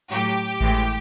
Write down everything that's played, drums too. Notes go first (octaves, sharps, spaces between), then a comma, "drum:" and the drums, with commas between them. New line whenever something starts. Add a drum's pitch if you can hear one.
A2 F#3 G4
A2 E3 G#3, drum: kick G#1